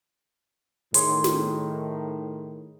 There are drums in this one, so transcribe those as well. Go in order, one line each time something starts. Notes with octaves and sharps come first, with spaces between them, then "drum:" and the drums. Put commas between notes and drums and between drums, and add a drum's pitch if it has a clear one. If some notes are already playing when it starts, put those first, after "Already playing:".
A2 D#3 G#4 C#5 C6, drum: hi-hat
drum: snare